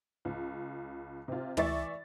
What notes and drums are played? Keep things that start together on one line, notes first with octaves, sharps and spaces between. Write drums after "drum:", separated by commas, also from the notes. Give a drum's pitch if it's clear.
C#2
C3 F4
E3 D5 E5 C#6 A6, drum: tom